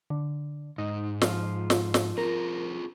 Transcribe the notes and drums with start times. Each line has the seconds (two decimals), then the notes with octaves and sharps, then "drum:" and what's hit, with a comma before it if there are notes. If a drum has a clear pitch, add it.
0.10 D3
0.78 G#2 D#4
1.22 F3 F4, drum: snare
1.70 drum: snare
1.94 drum: snare
2.18 C4 F4 G#4 A#4